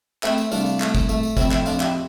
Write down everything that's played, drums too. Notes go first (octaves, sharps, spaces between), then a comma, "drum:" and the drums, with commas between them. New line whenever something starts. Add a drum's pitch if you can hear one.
A3 C4 E4, drum: clap
drum: tambourine
C2 D4 F4, drum: tambourine
drum: tambourine
A3, drum: clap
drum: kick, tambourine
A3, drum: tambourine
drum: tambourine
F2 C4 E4, drum: kick, tambourine
C4 E4, drum: clap
F2 D4 F4, drum: tambourine
E4 G4, drum: clap